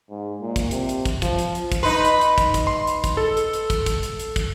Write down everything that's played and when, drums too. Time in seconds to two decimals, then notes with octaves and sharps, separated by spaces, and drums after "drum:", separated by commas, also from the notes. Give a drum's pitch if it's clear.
0.10 G#2
0.41 A#2
0.56 drum: kick, hi-hat
0.71 C3, drum: hi-hat
0.89 drum: hi-hat
1.05 drum: kick, hi-hat
1.22 F3, drum: kick, hi-hat
1.39 drum: hi-hat
1.55 drum: hi-hat
1.72 drum: kick, hi-hat
1.83 D#4 B4 C6
2.05 drum: hi-hat
2.21 drum: hi-hat
2.38 drum: kick, hi-hat
2.54 drum: kick, hi-hat
2.67 C6
2.87 drum: hi-hat
3.04 drum: kick, hi-hat
3.17 A4
3.37 drum: hi-hat
3.53 drum: hi-hat
3.70 drum: kick, hi-hat
3.86 drum: kick, hi-hat
4.03 drum: hi-hat
4.19 drum: hi-hat
4.36 drum: kick, hi-hat